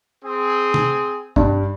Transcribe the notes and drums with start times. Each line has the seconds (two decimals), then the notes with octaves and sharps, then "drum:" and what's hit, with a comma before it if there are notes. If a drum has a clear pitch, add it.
0.25 C4 G#4
0.74 drum: tom
1.36 G2, drum: kick